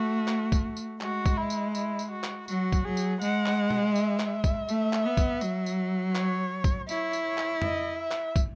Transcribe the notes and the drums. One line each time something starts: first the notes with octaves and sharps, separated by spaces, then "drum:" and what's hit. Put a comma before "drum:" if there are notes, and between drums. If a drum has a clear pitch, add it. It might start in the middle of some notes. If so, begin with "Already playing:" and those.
Already playing: A3 F#4
drum: clap
drum: kick, tambourine
drum: tambourine
G#3 F#4, drum: clap
drum: kick, tambourine
E4
drum: tambourine
E4, drum: tambourine
drum: tambourine
F#4
drum: clap
F#3 F#4, drum: tambourine
drum: kick, tambourine
F#3 G#4
drum: tambourine
G#3 F#5, drum: tambourine
drum: clap
drum: tom
E5, drum: tambourine
drum: clap
drum: kick, tambourine
A3, drum: tambourine
drum: clap
B3
drum: kick, tambourine
F#3, drum: tambourine
drum: tambourine
C#5, drum: clap
drum: kick, tambourine
E4 C#5, drum: tambourine
drum: tambourine
C#5
drum: clap
D#5, drum: tom F2
E5
drum: clap
drum: kick, tambourine